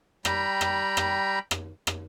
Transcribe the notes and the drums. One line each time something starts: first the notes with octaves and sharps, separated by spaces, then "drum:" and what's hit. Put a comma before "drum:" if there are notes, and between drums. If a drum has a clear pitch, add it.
G3 G5 A#5 B5, drum: rim click
drum: rim click
drum: rim click
drum: rim click
drum: rim click